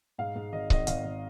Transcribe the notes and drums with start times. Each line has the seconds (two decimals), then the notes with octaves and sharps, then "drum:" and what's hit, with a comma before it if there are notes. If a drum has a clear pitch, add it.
0.18 G#2 F5
0.36 G#2
0.53 G#1 D#5
0.70 G#1 D#5, drum: kick C#1
0.87 G#1 F5, drum: hi-hat
1.04 G#1